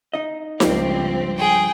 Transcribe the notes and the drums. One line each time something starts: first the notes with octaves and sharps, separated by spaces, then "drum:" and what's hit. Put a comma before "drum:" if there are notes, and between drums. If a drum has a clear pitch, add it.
D#4 D#5
C#2 G2 F3 C4, drum: snare D#4
G#4 G5